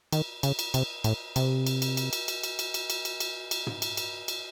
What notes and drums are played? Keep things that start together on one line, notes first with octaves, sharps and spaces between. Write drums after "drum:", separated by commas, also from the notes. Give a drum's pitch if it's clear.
D#3, drum: cymbal
C#3, drum: cymbal
drum: cymbal
C3, drum: cymbal
A2, drum: cymbal
C3, drum: cymbal
drum: cymbal
drum: cymbal
drum: cymbal
drum: cymbal
drum: cymbal
drum: cymbal
drum: cymbal
drum: cymbal
drum: cymbal
drum: cymbal
drum: cymbal
drum: cymbal
drum: tom
drum: cymbal
drum: cymbal
drum: cymbal